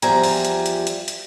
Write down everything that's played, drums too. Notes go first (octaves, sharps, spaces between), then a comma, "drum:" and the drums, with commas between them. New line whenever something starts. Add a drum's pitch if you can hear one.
E2 F3 G3 G#5 A#5, drum: hi-hat
drum: open hi-hat
drum: hi-hat
drum: hi-hat
drum: hi-hat
drum: hi-hat